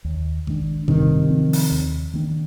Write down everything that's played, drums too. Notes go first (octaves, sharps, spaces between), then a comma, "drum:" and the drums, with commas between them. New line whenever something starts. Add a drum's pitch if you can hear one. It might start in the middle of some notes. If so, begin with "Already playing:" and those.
D#2
D#3 G#3 D4, drum: kick G#1
G2 C3 D#3, drum: kick G#1
F3 C4
drum: open hi-hat
D#2
D#3 A#3 D4